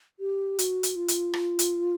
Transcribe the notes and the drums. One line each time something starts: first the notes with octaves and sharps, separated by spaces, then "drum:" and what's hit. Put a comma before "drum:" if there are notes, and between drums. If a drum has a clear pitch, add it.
G4
F#4, drum: hi-hat
drum: hi-hat
F4
drum: hi-hat
drum: rim click
drum: hi-hat